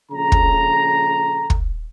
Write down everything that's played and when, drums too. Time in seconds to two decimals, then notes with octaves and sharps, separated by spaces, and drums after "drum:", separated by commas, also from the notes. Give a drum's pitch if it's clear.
0.12 A#1 C#3 A4 A#5
0.32 drum: kick
1.50 drum: kick